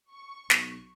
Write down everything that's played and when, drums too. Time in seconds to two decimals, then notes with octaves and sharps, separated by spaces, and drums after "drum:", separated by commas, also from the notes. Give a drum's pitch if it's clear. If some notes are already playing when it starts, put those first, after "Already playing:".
0.11 C#6
0.50 B1, drum: snare